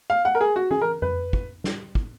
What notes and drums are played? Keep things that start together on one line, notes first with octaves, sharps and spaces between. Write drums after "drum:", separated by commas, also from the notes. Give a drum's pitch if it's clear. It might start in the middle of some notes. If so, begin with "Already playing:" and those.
F5
F#5
A#4
G#4
F#4
G#4, drum: tom
A#4
B4, drum: tom F2
drum: kick
drum: snare
drum: kick